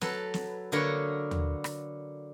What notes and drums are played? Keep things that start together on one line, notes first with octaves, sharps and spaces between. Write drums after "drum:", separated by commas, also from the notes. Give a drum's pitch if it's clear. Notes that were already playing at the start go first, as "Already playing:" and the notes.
F#3 A4 B4, drum: snare
drum: snare
D3 A#3 A#4 B4 C#5
drum: tom D#2
drum: rim click